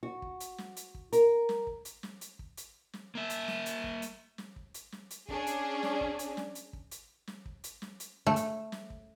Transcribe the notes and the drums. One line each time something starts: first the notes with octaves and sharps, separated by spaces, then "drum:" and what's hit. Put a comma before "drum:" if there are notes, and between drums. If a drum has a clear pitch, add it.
F#4
drum: kick
drum: hi-hat
drum: snare
drum: hi-hat
drum: kick
A#4, drum: hi-hat
drum: snare
drum: kick
drum: hi-hat
drum: snare
drum: hi-hat
drum: kick
drum: hi-hat
drum: snare
A#3 E5
drum: hi-hat
drum: snare
drum: hi-hat
drum: kick
drum: hi-hat
drum: snare
drum: kick
drum: hi-hat
drum: snare
drum: hi-hat
C#4 D4 G#4, drum: kick
drum: hi-hat
drum: snare
drum: kick
drum: hi-hat
drum: snare
drum: hi-hat
drum: kick
drum: hi-hat
drum: snare
drum: kick
drum: hi-hat
drum: snare
drum: hi-hat
A3
drum: hi-hat
drum: snare
drum: kick